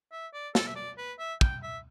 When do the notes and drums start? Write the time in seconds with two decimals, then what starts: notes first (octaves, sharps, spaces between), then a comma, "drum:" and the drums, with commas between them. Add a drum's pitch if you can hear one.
0.12 E5
0.34 D5
0.55 A4, drum: snare
0.67 E5
0.76 D5
0.97 B4
1.19 E5
1.41 G5, drum: kick
1.63 E5